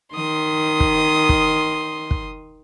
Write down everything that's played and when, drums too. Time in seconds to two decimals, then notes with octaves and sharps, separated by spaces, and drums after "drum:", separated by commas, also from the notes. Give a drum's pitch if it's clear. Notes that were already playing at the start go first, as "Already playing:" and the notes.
0.15 D#3 C6 D#6
0.80 drum: kick
1.29 drum: kick
2.11 drum: kick